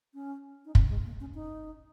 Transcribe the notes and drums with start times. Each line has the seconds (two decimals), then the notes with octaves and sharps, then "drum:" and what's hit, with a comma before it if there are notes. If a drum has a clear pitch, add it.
0.14 C#4
0.65 D#4
0.75 C#4, drum: kick
0.89 G#3
1.05 A#3
1.20 C#4
1.35 D#4